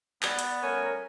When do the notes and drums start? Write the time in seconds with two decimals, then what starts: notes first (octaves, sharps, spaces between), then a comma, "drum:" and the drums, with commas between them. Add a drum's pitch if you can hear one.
0.23 B3 D5, drum: clap
0.39 drum: hi-hat
0.62 G3 A3 C#4 A#4